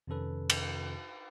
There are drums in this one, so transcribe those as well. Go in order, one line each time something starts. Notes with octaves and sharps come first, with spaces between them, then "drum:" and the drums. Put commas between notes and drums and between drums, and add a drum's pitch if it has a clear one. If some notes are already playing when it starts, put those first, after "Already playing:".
F2 C3 D#3 C#4 A4 B4
drum: cymbal